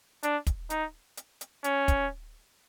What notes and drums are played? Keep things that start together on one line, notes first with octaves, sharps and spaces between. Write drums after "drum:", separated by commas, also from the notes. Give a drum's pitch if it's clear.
D4, drum: hi-hat
drum: kick, hi-hat
D#4, drum: hi-hat
drum: hi-hat
drum: hi-hat
C#4, drum: hi-hat
drum: kick, hi-hat